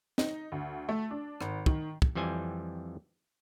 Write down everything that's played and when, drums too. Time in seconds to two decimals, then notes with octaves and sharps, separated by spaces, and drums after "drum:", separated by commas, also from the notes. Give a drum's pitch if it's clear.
0.18 D#4, drum: snare
0.52 D2
0.89 A3
1.10 D4
1.41 G#1, drum: rim click
1.66 D#3, drum: kick
2.02 drum: kick
2.15 F2 E3 G3 C5 G#5